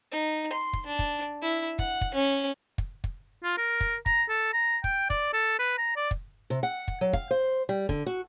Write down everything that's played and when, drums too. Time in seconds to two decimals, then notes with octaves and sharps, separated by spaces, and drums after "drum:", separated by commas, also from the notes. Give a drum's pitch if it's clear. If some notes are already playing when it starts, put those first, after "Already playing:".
0.12 D#4
0.53 C6
0.73 drum: kick
0.86 D4
0.99 drum: kick
1.42 E4
1.79 F#5, drum: kick
2.01 drum: kick
2.14 C#4
2.78 drum: kick
3.04 drum: kick
3.44 F4
3.57 A#4
3.81 drum: kick
4.06 A#5, drum: kick
4.29 A4
4.53 A#5
4.84 G5, drum: kick
5.10 D5, drum: kick
5.34 A4
5.59 B4
5.78 A#5
5.96 D5
6.11 drum: kick
6.50 C3
6.63 F#5
6.88 drum: kick
7.01 F#3
7.13 F5, drum: kick
7.31 C5
7.69 G3
7.89 D3, drum: kick
8.06 F#4